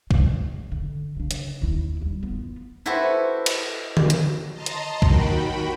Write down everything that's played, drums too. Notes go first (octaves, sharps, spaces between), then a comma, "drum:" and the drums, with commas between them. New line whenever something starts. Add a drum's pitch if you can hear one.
G#3, drum: kick
D3
C#3 D4
drum: hi-hat
D#2 E4
G3
B3 F4
E4 F#4 G4 A4 B4 C5
drum: cymbal
drum: tom D3
drum: hi-hat
D#5 A5 A#5 C6
drum: hi-hat
D#2 D#3 F#4 G5 B5, drum: kick